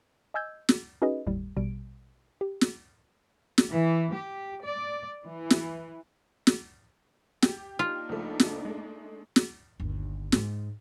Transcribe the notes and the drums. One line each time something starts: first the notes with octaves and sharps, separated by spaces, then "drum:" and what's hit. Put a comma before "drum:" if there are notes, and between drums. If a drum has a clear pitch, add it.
D#5 G#5 E6 G6 G#6
drum: snare
C#4 D#4 F#4 G#4 B4 D#5
G1 D#2 A2 G3
A#1 B2 G3 D7
G4
drum: snare
drum: snare
E3
G4
D5
E3
drum: snare
drum: snare
G4, drum: snare
A#3 D4 D#4 F4
C#2 F3 A3
drum: snare
G#3 A3
drum: snare
G1 D#2
G#2 G#3, drum: snare